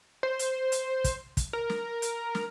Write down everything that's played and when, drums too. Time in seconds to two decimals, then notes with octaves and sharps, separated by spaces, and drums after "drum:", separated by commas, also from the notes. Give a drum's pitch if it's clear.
0.23 C5
0.39 drum: hi-hat
0.72 drum: hi-hat
1.04 drum: kick, hi-hat
1.37 drum: kick, hi-hat
1.53 A#4
1.70 drum: snare
2.02 drum: hi-hat
2.35 drum: snare